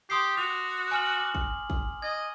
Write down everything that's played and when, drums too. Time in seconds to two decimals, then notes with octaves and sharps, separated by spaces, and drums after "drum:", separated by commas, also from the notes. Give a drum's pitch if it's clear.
0.10 G4 C6 D#6 C7
0.37 F#4 D6 F7
0.91 G#5 F6 F#7
1.20 D6
1.35 drum: kick
1.70 drum: kick
2.02 D#5 G#6